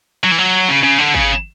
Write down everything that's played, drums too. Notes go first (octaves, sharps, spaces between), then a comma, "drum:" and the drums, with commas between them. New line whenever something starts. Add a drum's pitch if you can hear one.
F#3
E3
F#3
C#3
C#3
D3
C#3, drum: kick G#1